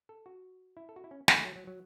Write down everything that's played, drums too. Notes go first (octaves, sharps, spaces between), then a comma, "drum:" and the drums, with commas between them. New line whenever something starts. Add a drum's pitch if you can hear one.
A4
F#4
E4
A4
F#4
E4
C#4
B3, drum: snare
A3
F#3
F#3
F#3